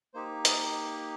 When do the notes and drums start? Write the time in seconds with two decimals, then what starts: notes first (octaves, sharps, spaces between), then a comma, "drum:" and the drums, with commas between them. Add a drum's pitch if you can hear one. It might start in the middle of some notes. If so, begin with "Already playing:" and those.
0.14 A#3 D#4 G4 C5
0.45 D#5, drum: hi-hat